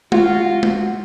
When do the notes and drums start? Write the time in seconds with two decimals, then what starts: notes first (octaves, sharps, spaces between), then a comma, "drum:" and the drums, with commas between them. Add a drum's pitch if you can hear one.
0.12 F4 F#4, drum: tom G#3
0.29 F#4
0.46 F#4
0.63 drum: tom G#3